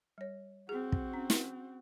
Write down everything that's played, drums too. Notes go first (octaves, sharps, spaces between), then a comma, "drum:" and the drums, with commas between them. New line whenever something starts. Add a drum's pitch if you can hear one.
G3 C#5
C4 F#4 G#4
drum: kick
C#4
drum: snare